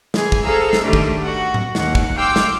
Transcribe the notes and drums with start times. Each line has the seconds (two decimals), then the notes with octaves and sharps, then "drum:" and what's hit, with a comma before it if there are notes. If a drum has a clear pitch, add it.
0.14 E3 G#4 G#5, drum: snare
0.32 drum: kick
0.44 G#4 A4 C5 F5 A#5 E6
0.73 drum: snare
0.82 D#3 G3 A3 D4
0.93 drum: kick
1.21 F#4 F#5
1.54 drum: tom A2
1.75 D#2 A#3 F#5, drum: snare
1.95 drum: kick
2.15 F5 G5 C6 D6 E6
2.36 drum: snare